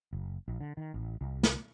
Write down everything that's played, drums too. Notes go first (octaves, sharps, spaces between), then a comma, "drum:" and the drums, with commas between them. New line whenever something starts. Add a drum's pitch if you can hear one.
F#1
A#1
D3
D#3
A1
C2
drum: snare